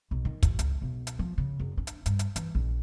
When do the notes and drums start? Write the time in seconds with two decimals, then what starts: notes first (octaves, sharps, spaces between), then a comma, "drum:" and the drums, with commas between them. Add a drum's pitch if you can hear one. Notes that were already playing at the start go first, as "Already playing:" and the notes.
0.11 B1
0.25 D#3
0.43 A1, drum: kick, hi-hat
0.59 C#2, drum: hi-hat
0.82 B1
1.07 drum: hi-hat
1.19 F3
1.38 C#3
1.59 F#1
1.77 D4
1.87 drum: hi-hat
2.06 G2, drum: hi-hat
2.19 drum: hi-hat
2.36 E3, drum: hi-hat
2.55 A#1